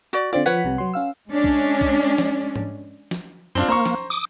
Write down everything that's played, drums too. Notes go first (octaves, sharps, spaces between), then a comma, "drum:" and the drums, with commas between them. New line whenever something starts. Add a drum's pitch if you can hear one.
F#4 D5
D3 C4 F4 D5
F3 B4 C#5 F#5 B6
C2 C3
F#3 C6
C#4 F5 E6
G#3 C#4 D4
drum: kick B1
drum: kick B1
drum: snare
drum: tom G#2
drum: snare
F#2 C4 D4 F4 C6
A#3 C5 A#5 C#6
drum: snare
D6 D#6